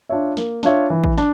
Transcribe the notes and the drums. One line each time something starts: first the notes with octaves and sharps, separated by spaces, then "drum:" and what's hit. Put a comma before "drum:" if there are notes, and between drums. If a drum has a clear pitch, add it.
D4 F4 C#5 E5
A#3, drum: snare
D4 F4 C#5 E5, drum: snare
E3
drum: kick
D4, drum: snare